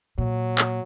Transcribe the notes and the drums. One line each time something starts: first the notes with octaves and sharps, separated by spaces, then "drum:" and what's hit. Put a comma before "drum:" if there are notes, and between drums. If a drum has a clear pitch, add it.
A#2 F#3
drum: clap